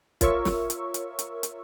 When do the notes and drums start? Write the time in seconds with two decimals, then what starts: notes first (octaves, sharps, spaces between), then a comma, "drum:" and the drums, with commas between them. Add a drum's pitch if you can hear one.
0.21 F4 A#4 C#5 E5 C#6 E6, drum: kick, hi-hat
0.45 drum: snare
0.70 drum: hi-hat
0.94 drum: hi-hat
1.19 drum: hi-hat
1.43 drum: hi-hat